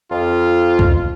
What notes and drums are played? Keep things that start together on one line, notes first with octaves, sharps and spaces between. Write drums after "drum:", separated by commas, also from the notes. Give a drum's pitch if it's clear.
F2 F4
drum: kick